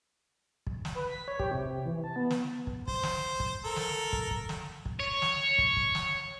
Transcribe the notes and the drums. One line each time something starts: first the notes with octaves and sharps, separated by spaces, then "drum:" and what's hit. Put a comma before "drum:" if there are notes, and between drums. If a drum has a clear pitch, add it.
drum: kick
drum: snare
B4
B6
C#5
G4, drum: kick
C3
E3
A5
B3
drum: snare
drum: kick
C5, drum: kick
drum: snare
drum: kick
A4 A#4
drum: snare
drum: kick
drum: kick
drum: snare
drum: kick
C#5
drum: snare
drum: kick
drum: kick
drum: snare